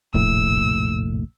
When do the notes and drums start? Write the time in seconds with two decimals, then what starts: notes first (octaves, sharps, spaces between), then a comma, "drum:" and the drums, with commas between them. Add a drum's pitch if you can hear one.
0.14 F1 A#1 A2 E6, drum: kick D1